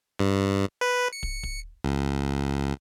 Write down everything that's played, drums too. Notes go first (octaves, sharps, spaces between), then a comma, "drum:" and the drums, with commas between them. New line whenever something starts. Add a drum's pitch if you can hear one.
G2
B4
C#7
drum: kick
drum: kick
C#2